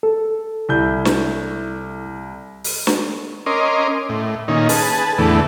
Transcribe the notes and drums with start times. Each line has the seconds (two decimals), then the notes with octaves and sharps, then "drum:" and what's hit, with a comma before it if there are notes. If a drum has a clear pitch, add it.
0.03 A4
0.69 C2 E4 G6
1.05 drum: snare
2.64 drum: open hi-hat
2.87 drum: snare
3.46 C#4 A#4 D#5 C6 D6
4.09 A2
4.48 A#2 D#3 C#4 D#4
4.69 G#4 B4 A5, drum: open hi-hat
5.18 E2 A2 D3 E3 A3 B3